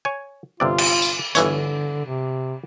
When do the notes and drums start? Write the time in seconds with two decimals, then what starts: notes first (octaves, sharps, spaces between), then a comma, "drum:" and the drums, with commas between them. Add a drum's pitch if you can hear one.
0.05 C#5 G#5
0.60 G1 C3 F4 D5
0.78 drum: cymbal
1.02 drum: tambourine
1.35 G1 D3 E3 C#5, drum: hi-hat
2.06 C3